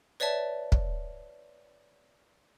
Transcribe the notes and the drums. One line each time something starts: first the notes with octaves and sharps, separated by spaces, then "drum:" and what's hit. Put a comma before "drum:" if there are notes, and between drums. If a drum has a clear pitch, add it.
B4 C#5 D5 E5 A5
drum: kick